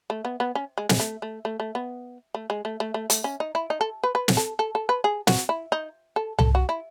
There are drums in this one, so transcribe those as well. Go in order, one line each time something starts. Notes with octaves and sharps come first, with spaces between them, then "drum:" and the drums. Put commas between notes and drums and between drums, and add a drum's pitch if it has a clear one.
A3
B3
B3
C#4
G#3
G#3, drum: snare
A3
A3
A3
A3
B3
A3
G#3
A3
A3
A3
A3, drum: hi-hat
C#4
D#4
E4
D#4
A4
B4
B4
drum: snare
A4
A4
A4
B4
G#4
F#4, drum: snare
E4
D#4
A4
A4, drum: tom C2
F#4
E4